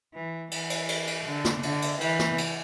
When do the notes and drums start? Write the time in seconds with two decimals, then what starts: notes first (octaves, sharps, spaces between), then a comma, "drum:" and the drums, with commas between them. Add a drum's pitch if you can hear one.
0.14 E3
0.51 E3, drum: cymbal
0.70 drum: cymbal
0.89 drum: cymbal
1.07 drum: cymbal
1.25 D3
1.45 drum: snare
1.63 D3, drum: cymbal
1.82 drum: cymbal
2.01 E3, drum: cymbal
2.19 drum: snare
2.38 drum: cymbal